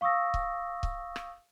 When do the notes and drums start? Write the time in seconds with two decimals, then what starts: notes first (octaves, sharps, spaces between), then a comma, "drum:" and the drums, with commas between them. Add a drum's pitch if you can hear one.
0.01 F5 C#6 D#6 E6 A#6
0.34 drum: kick C#1
0.83 drum: kick C#1
1.16 drum: rim click